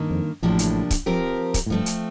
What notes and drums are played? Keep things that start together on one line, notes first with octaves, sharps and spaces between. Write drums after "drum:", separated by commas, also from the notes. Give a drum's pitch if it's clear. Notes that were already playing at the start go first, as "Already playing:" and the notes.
Already playing: G2 D#3 A#3
F2
A1 A2 C3 F3 A#3 D4
drum: hi-hat
drum: kick C#1, hi-hat
F3 C4 G4 A#4
drum: kick C#1, hi-hat
A2
G2 F3 A3 C4
drum: hi-hat